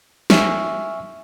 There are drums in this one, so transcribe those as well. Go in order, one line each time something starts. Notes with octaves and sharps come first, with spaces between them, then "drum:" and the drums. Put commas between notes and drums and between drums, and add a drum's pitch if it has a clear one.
E5 G#5 C#6 E6 F6, drum: snare